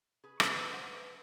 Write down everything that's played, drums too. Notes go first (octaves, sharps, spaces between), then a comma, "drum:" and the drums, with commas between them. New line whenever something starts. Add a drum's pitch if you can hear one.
G#4 B4
A3 B3 B4, drum: rim click
A4 C5 F#5
A3